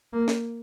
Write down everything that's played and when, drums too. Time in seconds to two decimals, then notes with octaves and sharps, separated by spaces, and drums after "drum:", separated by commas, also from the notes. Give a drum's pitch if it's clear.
0.13 A#3
0.28 drum: snare